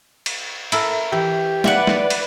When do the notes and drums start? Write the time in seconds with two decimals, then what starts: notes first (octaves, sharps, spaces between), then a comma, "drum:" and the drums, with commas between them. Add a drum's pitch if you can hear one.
0.26 drum: cymbal
0.72 E4 A4 A#4, drum: cymbal
1.12 E3 G4
1.64 B4 D5 E5 F#5, drum: snare
1.87 drum: snare
2.10 drum: cymbal